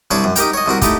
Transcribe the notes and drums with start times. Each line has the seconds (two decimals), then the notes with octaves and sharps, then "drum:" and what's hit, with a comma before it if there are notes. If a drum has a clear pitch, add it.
0.11 C2 G3 D4 C#5 D5
0.24 F#2
0.36 D#4 G4 A#4 G5, drum: hi-hat
0.54 C#5 D#5
0.66 C2 C3 F#4 A#4
0.82 A3 D#4 E4 G4, drum: kick, hi-hat